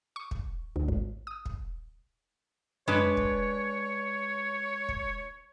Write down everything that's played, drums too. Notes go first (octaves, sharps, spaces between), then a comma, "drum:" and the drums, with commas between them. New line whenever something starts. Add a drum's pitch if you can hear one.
C#6
drum: kick
D2
G#1
D#6
drum: kick
G#3 D4 B4 C#5, drum: tom F2
drum: kick
drum: kick